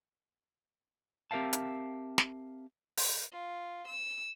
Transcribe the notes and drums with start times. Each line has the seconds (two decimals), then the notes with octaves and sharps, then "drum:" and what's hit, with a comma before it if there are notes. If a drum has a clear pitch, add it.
1.31 C4 G4 A#4 E5 F5 A5
1.53 drum: hi-hat
2.18 drum: snare
2.97 drum: open hi-hat
3.32 F4
3.87 E6